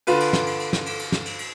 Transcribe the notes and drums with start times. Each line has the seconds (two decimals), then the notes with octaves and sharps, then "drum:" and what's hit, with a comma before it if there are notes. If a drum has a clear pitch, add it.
0.07 D3 F4 B4 D#7, drum: cymbal
0.20 drum: cymbal
0.33 drum: snare
0.46 drum: cymbal
0.60 drum: cymbal
0.73 drum: snare
0.86 drum: cymbal
0.99 drum: cymbal
1.12 drum: snare
1.26 drum: cymbal
1.39 drum: cymbal